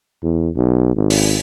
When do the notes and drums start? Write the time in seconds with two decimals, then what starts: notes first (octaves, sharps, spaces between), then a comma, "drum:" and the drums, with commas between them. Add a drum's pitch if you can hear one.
0.23 E2
0.56 B1
0.96 G#1
1.10 drum: open hi-hat